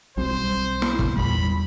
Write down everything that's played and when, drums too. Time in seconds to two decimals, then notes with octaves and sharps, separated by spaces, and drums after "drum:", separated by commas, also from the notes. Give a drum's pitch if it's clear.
0.17 B1 G3 C4 C5
0.82 drum: snare
0.99 drum: kick
1.16 E2 A#2 G3 B5